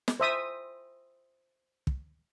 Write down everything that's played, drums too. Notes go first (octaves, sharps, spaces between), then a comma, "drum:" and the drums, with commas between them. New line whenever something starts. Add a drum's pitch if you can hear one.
drum: snare
C5 E5 D#6
drum: kick